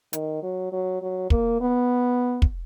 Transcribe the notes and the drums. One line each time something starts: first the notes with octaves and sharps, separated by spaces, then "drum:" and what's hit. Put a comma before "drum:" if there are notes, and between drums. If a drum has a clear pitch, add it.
D#3, drum: hi-hat
F#3
F#3
F#3
A#3, drum: kick
B3
drum: kick